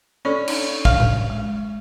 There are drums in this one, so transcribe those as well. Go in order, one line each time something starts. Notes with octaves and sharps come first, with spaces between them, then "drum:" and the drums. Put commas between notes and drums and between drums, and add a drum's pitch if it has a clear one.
C#4 A4 D5 B5
D4 D#4, drum: cymbal
F5, drum: kick
drum: tom A2
G#3